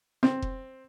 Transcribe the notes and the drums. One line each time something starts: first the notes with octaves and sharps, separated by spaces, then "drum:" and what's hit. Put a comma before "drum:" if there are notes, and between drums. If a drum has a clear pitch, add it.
C4, drum: rim click
drum: kick F1